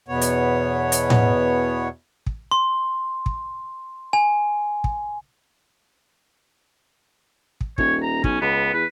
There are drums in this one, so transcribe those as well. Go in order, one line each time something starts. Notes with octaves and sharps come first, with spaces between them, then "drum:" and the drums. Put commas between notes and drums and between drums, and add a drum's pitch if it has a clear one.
E2 B2 B3 C#5
drum: hi-hat
drum: hi-hat
drum: tom A2
drum: kick
C6
drum: kick
G#5
drum: kick
drum: kick
D#1 C#5, drum: kick
A#5
B1 C#4, drum: kick
C#2 B3
E2 B4